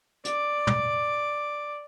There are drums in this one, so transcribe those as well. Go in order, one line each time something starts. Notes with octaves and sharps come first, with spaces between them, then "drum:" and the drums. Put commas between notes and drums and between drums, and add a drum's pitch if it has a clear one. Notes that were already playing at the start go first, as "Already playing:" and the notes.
D5 D6, drum: hi-hat
drum: tom